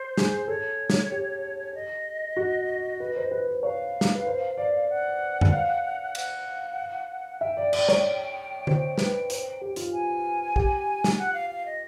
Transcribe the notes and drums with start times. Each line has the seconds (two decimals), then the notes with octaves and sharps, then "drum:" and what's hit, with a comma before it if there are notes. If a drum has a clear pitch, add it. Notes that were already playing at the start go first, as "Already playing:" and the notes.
Already playing: C5
0.17 G#4, drum: snare
0.48 A4 C#5
0.90 drum: snare
1.12 G4
1.75 D#5
2.37 F#4
3.00 B4
3.16 C5
3.31 B4
3.47 C5
3.63 C#5 F5
4.01 drum: snare
4.15 B4
4.27 C5
4.58 D5
4.89 F#5
5.41 drum: tom F2
5.52 F5
6.15 F#5, drum: cymbal
7.41 E5 G5
7.57 D5
7.73 D5, drum: cymbal
7.88 C#5, drum: snare
8.67 C5, drum: tom D3
8.98 B4, drum: snare
9.30 C5, drum: hi-hat
9.61 G4
9.76 F4, drum: hi-hat
9.93 G#5
10.56 G4, drum: kick
11.04 drum: snare
11.19 F#5
11.33 F5
11.50 F5
11.66 D#5